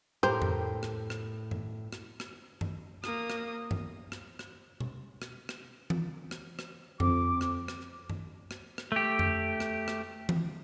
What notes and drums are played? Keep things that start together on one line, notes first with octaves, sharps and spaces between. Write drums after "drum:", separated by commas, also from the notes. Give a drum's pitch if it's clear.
A2 G4 A#4 C5
drum: tom F2
drum: rim click
drum: rim click
drum: tom G2
drum: rim click
drum: rim click
drum: tom G2
A#3 D#6, drum: rim click
drum: rim click
drum: tom G2
drum: rim click
drum: rim click
drum: tom B2
drum: rim click
drum: rim click
drum: tom E3
drum: rim click
drum: rim click
F2 D6, drum: tom F2
drum: rim click
drum: rim click
drum: tom G2
drum: rim click
drum: rim click
A3 G4
drum: tom F2
drum: rim click
drum: rim click
drum: tom E3